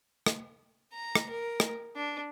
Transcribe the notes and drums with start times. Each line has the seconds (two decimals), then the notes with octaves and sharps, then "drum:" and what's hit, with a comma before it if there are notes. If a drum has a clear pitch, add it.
0.26 drum: rim click
0.93 A#5
1.15 drum: rim click
1.29 A#4
1.60 drum: rim click
1.96 D4